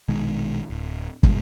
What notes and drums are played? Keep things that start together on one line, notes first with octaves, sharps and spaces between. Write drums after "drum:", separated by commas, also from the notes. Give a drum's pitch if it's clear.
A#1 B2 D#3 G#3
D1
F1 G2 B2 G#3, drum: kick